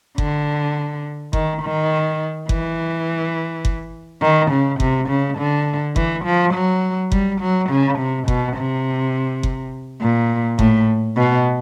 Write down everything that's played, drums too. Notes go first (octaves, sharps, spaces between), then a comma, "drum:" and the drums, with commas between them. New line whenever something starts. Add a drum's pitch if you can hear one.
D3, drum: kick F#1
D#3, drum: kick F#1
D#3
E3, drum: kick F#1
drum: kick F#1
D#3
C#3
C3, drum: kick F#1
C#3
D3
E3, drum: kick F#1
F3
F#3
G3, drum: kick F#1
F#3
C#3
C3
B2, drum: kick F#1
C3
drum: kick F#1
A#2
A2, drum: kick F#1
B2